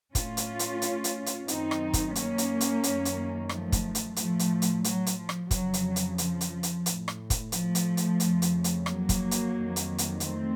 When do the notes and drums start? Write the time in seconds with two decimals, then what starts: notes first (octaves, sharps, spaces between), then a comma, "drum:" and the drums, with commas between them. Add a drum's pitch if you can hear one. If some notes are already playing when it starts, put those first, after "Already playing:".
0.15 A2 C#4 F4, drum: kick, hi-hat
0.37 drum: hi-hat
0.59 drum: hi-hat
0.82 drum: hi-hat
1.04 drum: hi-hat
1.26 drum: hi-hat
1.48 F#2 D#3 C4 D#4, drum: hi-hat
1.71 drum: rim click
1.93 drum: kick, hi-hat
2.15 A#3 C#4, drum: hi-hat
2.38 drum: hi-hat
2.61 drum: hi-hat
2.83 F#2 D#3, drum: hi-hat
3.05 drum: hi-hat
3.49 F3 A3, drum: rim click
3.72 drum: kick, hi-hat
3.95 drum: hi-hat
4.16 A2 F3 A3, drum: hi-hat
4.39 drum: hi-hat
4.62 drum: hi-hat
4.84 F#3, drum: hi-hat
5.06 drum: hi-hat
5.18 F3
5.29 drum: rim click
5.51 F2 C#3 F#3, drum: kick, hi-hat
5.74 drum: hi-hat
5.96 drum: hi-hat
6.18 F3, drum: hi-hat
6.41 drum: hi-hat
6.63 drum: hi-hat
6.86 A2, drum: hi-hat
7.08 drum: rim click
7.30 drum: kick, hi-hat
7.52 F3 A3, drum: hi-hat
7.75 drum: hi-hat
7.97 drum: hi-hat
8.20 F2 C#3, drum: hi-hat
8.42 drum: hi-hat
8.64 drum: hi-hat
8.86 F#3 A#3, drum: rim click
9.09 drum: kick, hi-hat
9.31 drum: hi-hat
9.54 F2 D#3
9.76 drum: hi-hat
9.98 drum: hi-hat
10.20 A3 C4, drum: hi-hat